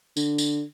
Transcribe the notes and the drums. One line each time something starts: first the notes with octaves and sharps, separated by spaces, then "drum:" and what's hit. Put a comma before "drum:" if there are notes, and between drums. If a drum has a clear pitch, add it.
D3, drum: tambourine
drum: tambourine